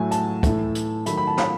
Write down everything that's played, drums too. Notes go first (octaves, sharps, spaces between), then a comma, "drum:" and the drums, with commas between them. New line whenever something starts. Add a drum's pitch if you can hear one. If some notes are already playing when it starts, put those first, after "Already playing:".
Already playing: A2 F#3 A3 G#5
A5, drum: hi-hat
A2 E3 A3, drum: kick, hi-hat
drum: hi-hat
D#3 F#3 A3 B5, drum: hi-hat
B5
A5
B5, drum: snare